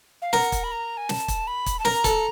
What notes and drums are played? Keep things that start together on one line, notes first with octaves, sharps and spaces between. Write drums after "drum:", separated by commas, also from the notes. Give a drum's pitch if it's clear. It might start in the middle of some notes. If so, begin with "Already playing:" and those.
F5
A#4 F#5, drum: snare
drum: kick, hi-hat
B5
A#5
G#5
A5, drum: snare
drum: kick, hi-hat
B5
drum: kick, hi-hat
A5
A#4 A#5, drum: snare
A4, drum: kick, hi-hat